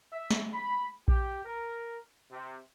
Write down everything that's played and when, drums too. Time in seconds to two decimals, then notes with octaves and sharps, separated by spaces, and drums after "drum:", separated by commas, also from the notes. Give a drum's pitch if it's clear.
0.12 E5
0.31 drum: snare
0.54 B5
1.08 G4, drum: kick A#1
1.45 A#4
2.31 C3